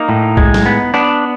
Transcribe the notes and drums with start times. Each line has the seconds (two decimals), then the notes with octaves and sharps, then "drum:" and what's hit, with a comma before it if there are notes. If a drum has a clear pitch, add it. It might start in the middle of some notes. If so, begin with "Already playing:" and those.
Already playing: A#3 D#4
0.09 A2
0.37 G#3, drum: kick B1
0.54 drum: snare
0.66 B3
0.94 B3 D4